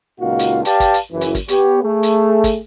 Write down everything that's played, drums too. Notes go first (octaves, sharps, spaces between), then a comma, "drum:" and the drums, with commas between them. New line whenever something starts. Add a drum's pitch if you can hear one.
C#2 A#2 D#4 F4 F#4 F5
drum: hi-hat
G4 B4 D5 F5 G5 A5, drum: hi-hat
drum: kick, hi-hat
drum: hi-hat
F#1 F#2 E3
drum: hi-hat
drum: kick, hi-hat
B3 G4 C#5, drum: hi-hat
A3 G#4
drum: hi-hat
drum: kick, hi-hat